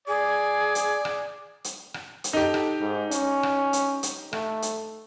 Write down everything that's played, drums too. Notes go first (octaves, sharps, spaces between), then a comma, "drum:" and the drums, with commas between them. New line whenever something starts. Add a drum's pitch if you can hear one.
G#4 D5
drum: hi-hat
drum: rim click
drum: hi-hat
drum: rim click
drum: hi-hat
D#4 G4 A4
drum: rim click
G#2
C#4, drum: hi-hat
drum: rim click
drum: hi-hat
drum: hi-hat
A3, drum: rim click
drum: hi-hat